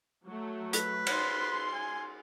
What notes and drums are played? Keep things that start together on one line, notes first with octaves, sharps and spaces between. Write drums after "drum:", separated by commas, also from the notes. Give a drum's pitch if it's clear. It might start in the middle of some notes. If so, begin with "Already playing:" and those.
F#3 A3
B4, drum: hi-hat
C6, drum: cymbal
G#5